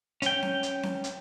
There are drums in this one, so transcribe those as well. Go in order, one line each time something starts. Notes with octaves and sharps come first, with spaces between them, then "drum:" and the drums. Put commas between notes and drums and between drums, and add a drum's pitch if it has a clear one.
C#4 G5, drum: hi-hat
drum: snare C4
drum: hi-hat
drum: snare C4
drum: hi-hat